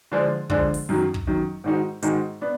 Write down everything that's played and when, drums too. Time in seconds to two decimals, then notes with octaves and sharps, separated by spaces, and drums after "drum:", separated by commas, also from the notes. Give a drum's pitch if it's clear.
0.12 D3 F3 G#3 D4
0.50 D3 F3 G#3 D4, drum: kick
0.74 drum: open hi-hat
0.89 F#2 D#3 F#3
1.14 drum: kick
1.27 F#2 D#3 F#3
1.64 G#2 D#3 G#3 D#4 F#4
2.02 G#2 D#3 G#3 D#4 F#4, drum: hi-hat
2.41 B3 D4